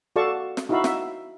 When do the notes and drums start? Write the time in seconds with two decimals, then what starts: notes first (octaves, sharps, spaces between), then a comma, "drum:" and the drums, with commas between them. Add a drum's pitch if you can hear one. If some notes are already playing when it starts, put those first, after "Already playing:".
0.16 F#4 A4 D5 F5 A5 C#6
0.57 drum: snare
0.69 D#4 E4 F#4 E5 F5 B5
0.84 E5, drum: snare